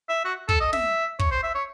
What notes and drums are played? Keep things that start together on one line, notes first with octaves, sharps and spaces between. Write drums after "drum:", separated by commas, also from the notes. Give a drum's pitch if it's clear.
E5
F#4
A4, drum: kick
D#5
E5, drum: snare
C#5, drum: kick
C5
E5
C#5